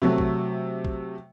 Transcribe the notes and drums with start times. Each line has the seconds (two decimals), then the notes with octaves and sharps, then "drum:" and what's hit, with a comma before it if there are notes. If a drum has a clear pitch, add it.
0.02 C3 F#3 A3
0.18 drum: kick
0.85 drum: kick